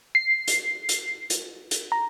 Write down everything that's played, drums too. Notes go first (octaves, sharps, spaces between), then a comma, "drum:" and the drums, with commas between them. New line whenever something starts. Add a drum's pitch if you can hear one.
C7
drum: hi-hat
drum: hi-hat
drum: hi-hat
drum: hi-hat
A#5